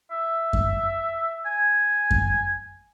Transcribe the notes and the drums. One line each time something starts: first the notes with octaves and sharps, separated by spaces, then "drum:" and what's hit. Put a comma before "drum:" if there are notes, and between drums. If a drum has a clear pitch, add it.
E5
drum: kick F#2
G#5
drum: kick F#2